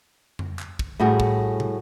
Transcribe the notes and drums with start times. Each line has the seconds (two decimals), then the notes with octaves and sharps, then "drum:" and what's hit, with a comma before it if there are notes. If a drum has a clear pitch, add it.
0.39 drum: tom F2
0.59 drum: clap
0.79 drum: kick
1.00 A2 G3 F#4 G#4
1.20 drum: kick
1.60 drum: tom